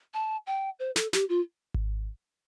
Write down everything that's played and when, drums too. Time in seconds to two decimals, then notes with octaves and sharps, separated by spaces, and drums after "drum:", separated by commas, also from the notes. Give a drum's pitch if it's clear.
0.14 A5
0.46 G5
0.79 C5
0.96 A4, drum: snare
1.13 G4, drum: snare
1.29 F4
1.74 drum: kick G#1